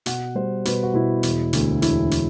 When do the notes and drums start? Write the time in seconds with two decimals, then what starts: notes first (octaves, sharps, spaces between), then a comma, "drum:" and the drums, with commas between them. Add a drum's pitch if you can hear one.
0.06 B2 F#5, drum: hi-hat
0.35 G3 C5
0.65 B2 B4, drum: hi-hat
0.83 F#4
0.94 B2 E4
1.23 E1, drum: hi-hat
1.53 D2, drum: hi-hat
1.82 E1 E4, drum: hi-hat
2.11 drum: hi-hat